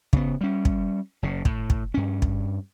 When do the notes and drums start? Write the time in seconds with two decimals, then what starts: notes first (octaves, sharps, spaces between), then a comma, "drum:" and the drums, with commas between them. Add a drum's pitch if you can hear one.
0.13 C#3 B3, drum: kick
0.41 G3 C#4
0.65 drum: kick
1.23 F#1 C#3
1.45 A2, drum: kick
1.70 drum: kick
1.94 G2 C#4
2.22 drum: kick